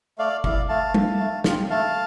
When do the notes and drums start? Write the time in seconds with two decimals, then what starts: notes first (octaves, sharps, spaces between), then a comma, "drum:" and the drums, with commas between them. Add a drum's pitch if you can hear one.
0.18 A3 D5 F5
0.44 E4 D5 F5, drum: kick
0.69 A3 F5 A5
0.94 E4, drum: tom G3
1.19 A3
1.44 F4, drum: snare
1.50 C4
1.70 A3 F5 A5